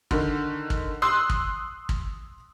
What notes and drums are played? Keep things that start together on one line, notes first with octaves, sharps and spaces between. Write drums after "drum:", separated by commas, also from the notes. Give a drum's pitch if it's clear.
D3 D#3, drum: kick
drum: kick
C6 D#6 E6 F#6
drum: kick
drum: kick